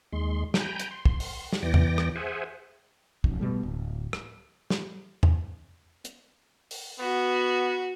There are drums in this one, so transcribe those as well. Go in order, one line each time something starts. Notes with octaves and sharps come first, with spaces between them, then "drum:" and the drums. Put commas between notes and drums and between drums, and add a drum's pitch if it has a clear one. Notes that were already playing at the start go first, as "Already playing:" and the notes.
D#2 G#3 C6
G5 G#5 A#5 B5 G6, drum: snare
drum: hi-hat
C6
drum: kick
drum: open hi-hat
drum: snare
E2 E3 D5 G5 A#6
drum: tom E2
drum: rim click
G#4 C5 E5 F#5 G#5
F1 F#2, drum: kick
B2 G3 A3
D1
drum: rim click
drum: snare
drum: tom E2
drum: hi-hat
drum: open hi-hat
B3 F#4